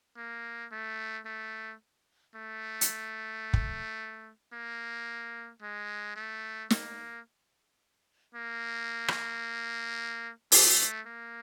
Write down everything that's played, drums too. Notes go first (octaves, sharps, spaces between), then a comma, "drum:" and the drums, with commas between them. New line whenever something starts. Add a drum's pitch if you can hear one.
A#3
A3
A3
A3
drum: hi-hat
drum: kick
A#3
G#3
A3
A#3, drum: snare
A#3
drum: rim click
A3, drum: open hi-hat
A#3